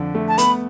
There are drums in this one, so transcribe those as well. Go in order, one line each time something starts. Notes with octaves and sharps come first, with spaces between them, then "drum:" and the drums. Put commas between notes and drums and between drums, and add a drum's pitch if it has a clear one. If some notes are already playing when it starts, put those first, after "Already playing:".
Already playing: F2 D3 D4
A3
A5
B3 B5, drum: hi-hat